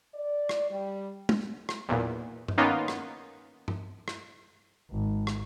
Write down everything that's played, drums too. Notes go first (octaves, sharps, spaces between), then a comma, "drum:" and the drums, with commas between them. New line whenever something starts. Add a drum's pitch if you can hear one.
D5
drum: rim click
G3
drum: tom
drum: rim click
B1 E2 A#2
drum: tom G2
D#3 A#3 B3 C#4 D#4 F4
drum: rim click
drum: tom G2
drum: rim click
G#1
drum: rim click